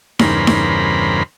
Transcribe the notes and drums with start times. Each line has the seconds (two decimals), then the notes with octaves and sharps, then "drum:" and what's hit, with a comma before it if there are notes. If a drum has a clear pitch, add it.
0.19 E2 G2 C#3 A#4 C5 B5, drum: snare D#4
0.47 drum: snare D#4